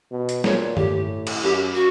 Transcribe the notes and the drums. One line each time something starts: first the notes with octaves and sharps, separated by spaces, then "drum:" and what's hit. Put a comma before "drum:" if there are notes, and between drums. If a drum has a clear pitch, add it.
B2
drum: hi-hat
A#2 C#5, drum: snare
A2 G4, drum: tom
drum: cymbal
F#2 G4
F#4